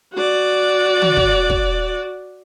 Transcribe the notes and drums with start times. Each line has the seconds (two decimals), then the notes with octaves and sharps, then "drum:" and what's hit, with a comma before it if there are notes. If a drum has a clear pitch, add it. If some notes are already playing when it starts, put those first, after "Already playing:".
0.14 F#4 D5
1.02 drum: tom
1.17 drum: kick
1.50 drum: kick